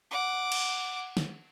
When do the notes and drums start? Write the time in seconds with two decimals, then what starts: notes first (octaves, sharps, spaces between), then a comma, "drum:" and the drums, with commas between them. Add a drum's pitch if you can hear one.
0.11 F#5 D6
0.52 drum: cymbal
1.17 drum: snare